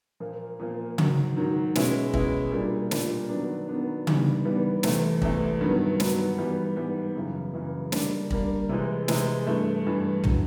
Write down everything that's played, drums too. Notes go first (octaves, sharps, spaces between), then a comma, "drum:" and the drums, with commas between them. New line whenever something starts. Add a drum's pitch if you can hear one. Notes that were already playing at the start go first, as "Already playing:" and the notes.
A#2 F3 A#3
A#2 F3 A#3
G#2 D#3 F#3, drum: tom C#3
G#2 D#3 F#3
B2 G#3 C#4 E4, drum: snare
B2 G#3 C#4 E4, drum: kick
A#2 G3 A#3 D4
A#2 G3 A#3 D4, drum: snare
D#3 F#3 B3 D4
D#3 F#3 B3 D4
G#2 E3 G3 B3 D4, drum: tom C#3
G#2 E3 G3 B3 D4
E2 C3 E3 A3, drum: snare
E2 C3 E3 A3, drum: kick
G2 D#3 F#3 B3
G2 D#3 F#3 B3, drum: snare
G#2 E3 G3 B3
G#2 E3 G3 B3
F#2 C#3 E3
F#2 C#3 E3
D3 G3 A#3 D4, drum: snare
D3 G3 A#3 D4, drum: kick
C3 E3 G#3
C3 E3 G#3, drum: snare
G2 E3 A3
G2 E3 A3
D3 F#3, drum: tom